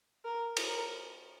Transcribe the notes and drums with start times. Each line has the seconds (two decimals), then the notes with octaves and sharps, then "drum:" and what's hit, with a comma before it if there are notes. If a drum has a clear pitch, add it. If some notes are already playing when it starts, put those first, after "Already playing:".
0.25 A#4
0.57 drum: cymbal
0.67 A#4